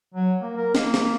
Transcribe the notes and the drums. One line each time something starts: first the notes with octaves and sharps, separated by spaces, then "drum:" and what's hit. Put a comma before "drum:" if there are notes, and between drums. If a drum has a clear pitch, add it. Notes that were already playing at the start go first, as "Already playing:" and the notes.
F#3
A#3
A#4
A#3, drum: snare
drum: snare